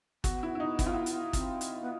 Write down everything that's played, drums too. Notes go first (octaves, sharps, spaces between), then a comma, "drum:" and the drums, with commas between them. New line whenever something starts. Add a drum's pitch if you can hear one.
B3 F#4, drum: kick, hi-hat
E4
E4
D#4
E4, drum: kick, hi-hat
F4
E4
drum: hi-hat
C4, drum: kick, hi-hat
drum: hi-hat
B3